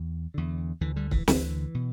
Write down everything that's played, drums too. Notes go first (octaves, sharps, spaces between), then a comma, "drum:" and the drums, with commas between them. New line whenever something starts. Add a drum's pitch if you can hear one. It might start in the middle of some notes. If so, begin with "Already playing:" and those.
Already playing: E2
E2 D3
D2 D3 E3
D3 G3
E3, drum: kick C#1
D2 D3 E3, drum: snare
B2